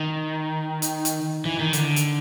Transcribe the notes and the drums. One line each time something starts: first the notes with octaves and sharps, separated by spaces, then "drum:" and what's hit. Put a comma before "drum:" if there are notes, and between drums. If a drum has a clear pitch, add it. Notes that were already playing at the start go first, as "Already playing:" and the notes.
Already playing: D#3
drum: hi-hat
drum: hi-hat
E3
D#3
D3, drum: hi-hat
drum: hi-hat